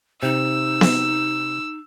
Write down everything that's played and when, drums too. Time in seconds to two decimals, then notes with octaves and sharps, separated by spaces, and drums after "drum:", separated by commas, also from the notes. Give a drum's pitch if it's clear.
0.23 C3 D#4 E6
0.81 drum: snare B3